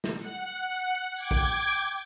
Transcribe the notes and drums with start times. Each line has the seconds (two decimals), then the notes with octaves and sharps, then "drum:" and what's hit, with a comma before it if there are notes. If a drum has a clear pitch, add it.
0.04 drum: snare
0.18 F#5
1.16 G5 D6 G#6, drum: tambourine
1.31 drum: kick